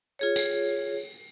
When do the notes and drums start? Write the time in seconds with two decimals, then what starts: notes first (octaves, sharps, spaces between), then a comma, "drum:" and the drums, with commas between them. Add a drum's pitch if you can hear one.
0.19 F4 G#4 C#5
0.36 drum: tambourine